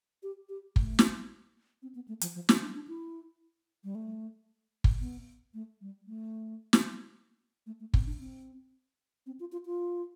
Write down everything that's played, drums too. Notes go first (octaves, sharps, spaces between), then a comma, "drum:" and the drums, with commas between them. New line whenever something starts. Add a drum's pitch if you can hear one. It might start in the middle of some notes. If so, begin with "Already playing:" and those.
G4
G4
A3, drum: kick
drum: snare
C4
B3
A3
F3, drum: hi-hat
F3
G3, drum: snare
D4
D4
E4
G3
A3
drum: kick
B3
A3
G3
A3
drum: snare
A3
A3
C4, drum: kick
D4
C4
C4
F4
F4
F4